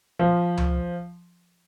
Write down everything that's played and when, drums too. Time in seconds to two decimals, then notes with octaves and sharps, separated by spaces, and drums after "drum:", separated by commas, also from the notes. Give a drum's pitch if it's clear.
0.19 F3
0.57 drum: tom C#2